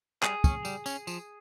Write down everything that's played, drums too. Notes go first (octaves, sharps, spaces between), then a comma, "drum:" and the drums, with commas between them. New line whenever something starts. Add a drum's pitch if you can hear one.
G3 G#4, drum: clap
C#4, drum: kick, tambourine
G3, drum: tambourine
C#4, drum: tambourine
F3, drum: tambourine